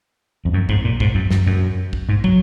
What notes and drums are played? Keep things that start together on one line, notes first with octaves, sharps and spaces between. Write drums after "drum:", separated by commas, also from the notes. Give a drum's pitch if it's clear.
F2
F#2
G#2, drum: kick
A#2
G#2, drum: kick
F#2
F#2, drum: snare
F#2
drum: kick
G#2
F#3, drum: kick